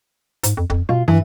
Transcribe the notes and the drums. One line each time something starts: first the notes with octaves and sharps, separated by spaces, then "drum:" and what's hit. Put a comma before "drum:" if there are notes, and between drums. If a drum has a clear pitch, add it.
G#2, drum: hi-hat
F2
F2, drum: kick C#1
B2 F4
G2 E3